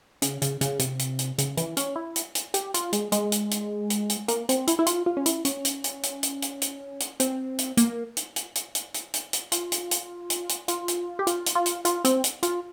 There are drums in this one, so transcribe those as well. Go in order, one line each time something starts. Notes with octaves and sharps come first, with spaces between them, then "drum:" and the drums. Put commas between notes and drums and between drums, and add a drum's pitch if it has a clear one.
C#3, drum: hi-hat
C#3, drum: hi-hat
C#3, drum: hi-hat
C3, drum: hi-hat
drum: hi-hat
drum: hi-hat
C#3, drum: hi-hat
E3, drum: hi-hat
C#4, drum: hi-hat
E4
drum: hi-hat
drum: hi-hat
G4, drum: hi-hat
F4, drum: hi-hat
G#3, drum: hi-hat
G#3, drum: hi-hat
drum: hi-hat
drum: hi-hat
drum: hi-hat
drum: hi-hat
A#3, drum: hi-hat
C4, drum: hi-hat
E4, drum: hi-hat
E4
F4, drum: hi-hat
F4
C#4
E4, drum: hi-hat
C#4, drum: hi-hat
drum: hi-hat
drum: hi-hat
drum: hi-hat
drum: hi-hat
drum: hi-hat
drum: hi-hat
drum: hi-hat
C4, drum: hi-hat
drum: hi-hat
A#3, drum: hi-hat
drum: hi-hat
drum: hi-hat
drum: hi-hat
drum: hi-hat
drum: hi-hat
drum: hi-hat
drum: hi-hat
F4, drum: hi-hat
drum: hi-hat
drum: hi-hat
drum: hi-hat
drum: hi-hat
F4, drum: hi-hat
drum: hi-hat
G4
F4, drum: hi-hat
drum: hi-hat
F4
drum: hi-hat
F4, drum: hi-hat
C4, drum: hi-hat
drum: hi-hat
F4, drum: hi-hat